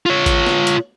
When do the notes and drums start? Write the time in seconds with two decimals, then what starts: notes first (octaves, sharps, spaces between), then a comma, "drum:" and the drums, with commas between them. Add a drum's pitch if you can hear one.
0.06 F4 C#5
0.26 drum: kick A1, hi-hat
0.47 drum: snare
0.67 drum: hi-hat